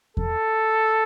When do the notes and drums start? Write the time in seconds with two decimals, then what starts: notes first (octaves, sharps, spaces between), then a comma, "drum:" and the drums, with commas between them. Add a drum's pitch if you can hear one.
0.17 A4, drum: kick E2